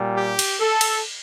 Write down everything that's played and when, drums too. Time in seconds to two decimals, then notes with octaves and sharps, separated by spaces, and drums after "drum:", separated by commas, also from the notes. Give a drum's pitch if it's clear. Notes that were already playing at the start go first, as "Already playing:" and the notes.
Already playing: A#2 G3
0.17 G4
0.39 drum: cymbal
0.60 A4
0.81 drum: cymbal